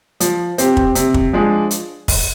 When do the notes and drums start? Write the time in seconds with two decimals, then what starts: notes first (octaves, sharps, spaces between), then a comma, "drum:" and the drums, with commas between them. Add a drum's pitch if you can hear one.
0.20 F3, drum: hi-hat
0.58 C4 G4, drum: hi-hat
0.77 drum: kick
0.95 C3, drum: hi-hat
1.14 drum: kick
1.33 F3 G#3 D4 G#4
1.71 drum: hi-hat
2.08 drum: kick, open hi-hat